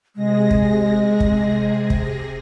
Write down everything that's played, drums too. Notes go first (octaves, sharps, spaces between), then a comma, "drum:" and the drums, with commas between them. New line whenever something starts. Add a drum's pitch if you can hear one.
C3 G#3 G#4 A#6
drum: kick
drum: kick
drum: kick